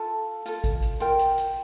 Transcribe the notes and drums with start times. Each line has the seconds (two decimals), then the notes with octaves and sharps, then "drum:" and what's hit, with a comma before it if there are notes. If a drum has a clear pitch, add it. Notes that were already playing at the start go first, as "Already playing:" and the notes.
Already playing: F4 A4 A5
0.46 F4 A4, drum: hi-hat
0.64 drum: kick G#1, hi-hat
0.82 drum: hi-hat
1.00 F4 A#4 G5, drum: hi-hat
1.19 drum: hi-hat
1.38 drum: hi-hat